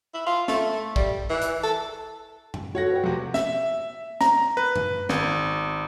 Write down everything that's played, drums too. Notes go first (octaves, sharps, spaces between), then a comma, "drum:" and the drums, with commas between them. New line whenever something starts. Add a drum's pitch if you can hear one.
E4
F4
A3, drum: snare
G3, drum: kick
E3
drum: hi-hat
A4
drum: tom F#2
F#4 A4 C#5 F#5 A#6
B4 G5
F2 C3
E5, drum: snare
A#5, drum: snare
B4
drum: tom F#2
G#1, drum: snare